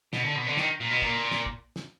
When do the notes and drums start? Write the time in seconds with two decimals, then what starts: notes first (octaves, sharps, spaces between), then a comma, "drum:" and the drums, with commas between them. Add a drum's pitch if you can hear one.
0.13 B2, drum: snare
0.24 D3
0.36 B2
0.46 D3
0.57 D#3, drum: snare
0.80 A#2
0.91 B2
1.02 A#2, drum: kick
1.31 drum: snare
1.46 drum: kick
1.76 drum: snare